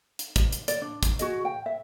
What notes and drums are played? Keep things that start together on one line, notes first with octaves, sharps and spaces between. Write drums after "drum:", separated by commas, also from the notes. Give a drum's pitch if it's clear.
drum: hi-hat
drum: kick, hi-hat
drum: hi-hat
D5, drum: hi-hat
D4
drum: kick, hi-hat
F#4 G#4 D#5, drum: hi-hat
G5
E5